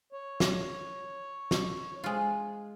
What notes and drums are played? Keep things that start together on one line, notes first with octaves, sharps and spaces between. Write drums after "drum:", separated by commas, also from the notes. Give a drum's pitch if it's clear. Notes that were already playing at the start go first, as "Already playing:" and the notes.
C#5
drum: snare
drum: snare
G#3 F4